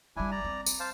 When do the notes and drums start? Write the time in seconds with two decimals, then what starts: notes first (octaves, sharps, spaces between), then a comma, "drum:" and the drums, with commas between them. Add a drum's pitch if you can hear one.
0.16 F#1 G3 D4 E4 G#5
0.31 D5 A#5
0.45 C4
0.66 drum: tambourine
0.80 C5 F5 A5